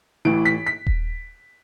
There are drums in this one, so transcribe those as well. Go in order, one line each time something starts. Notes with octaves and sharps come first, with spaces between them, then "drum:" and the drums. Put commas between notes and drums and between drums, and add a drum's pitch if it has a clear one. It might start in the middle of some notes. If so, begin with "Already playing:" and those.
A1 A2 E3 D7
B6
B6
drum: kick D#1